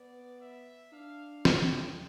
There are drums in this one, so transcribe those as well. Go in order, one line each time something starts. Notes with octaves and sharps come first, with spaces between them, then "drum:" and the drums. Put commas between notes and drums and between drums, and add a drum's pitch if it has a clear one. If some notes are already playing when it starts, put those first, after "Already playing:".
Already playing: B3 D5
E5
D4 F5
G5, drum: snare